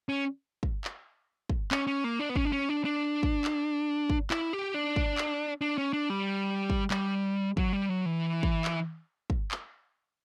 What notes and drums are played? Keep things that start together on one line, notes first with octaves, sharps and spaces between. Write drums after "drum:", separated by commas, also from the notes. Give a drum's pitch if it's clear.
C#4
drum: kick
drum: clap
drum: kick
C#4, drum: clap
C#4
A#3
D4
B3
C#4, drum: kick
D4
C#4
D4
D4
drum: kick
drum: clap
drum: kick
E4, drum: clap
G4
D4
drum: kick
drum: clap
D4
C#4
D4
G3
drum: kick
G3, drum: clap
F#3, drum: kick
G3
F#3
E3
drum: kick
drum: clap
drum: kick
drum: clap